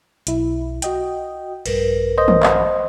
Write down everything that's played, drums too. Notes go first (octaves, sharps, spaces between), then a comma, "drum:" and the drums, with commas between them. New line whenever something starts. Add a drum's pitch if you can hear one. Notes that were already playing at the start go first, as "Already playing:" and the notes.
B1 E4, drum: hi-hat
F#4 D#5 G5, drum: hi-hat
A#1 G2 A#4 B4, drum: cymbal
C5 D#5
drum: tom D#3
drum: clap